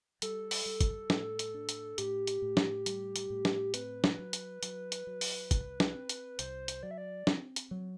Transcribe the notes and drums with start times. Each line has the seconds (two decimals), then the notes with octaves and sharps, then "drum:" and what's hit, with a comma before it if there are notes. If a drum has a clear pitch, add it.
0.22 G3 A4, drum: hi-hat
0.51 drum: open hi-hat
0.66 G3
0.81 drum: kick, hi-hat
1.10 A2, drum: snare
1.39 drum: hi-hat
1.54 D4
1.69 drum: hi-hat
1.98 A2 G4, drum: hi-hat
2.27 drum: hi-hat
2.42 A2
2.57 drum: snare
2.86 G3, drum: hi-hat
3.16 drum: hi-hat
3.30 A2
3.45 drum: snare
3.74 C4 B4, drum: hi-hat
4.04 drum: snare
4.19 F#3
4.33 drum: hi-hat
4.63 F#3, drum: hi-hat
4.92 drum: hi-hat
5.07 F#3
5.21 drum: open hi-hat
5.51 C2, drum: kick, hi-hat
5.80 drum: snare
5.95 C4
6.09 drum: hi-hat
6.39 C2 C5, drum: hi-hat
6.68 drum: hi-hat
6.83 F#3 D5
6.91 E5
6.98 D5
7.27 C4, drum: snare
7.56 drum: hi-hat
7.71 F#3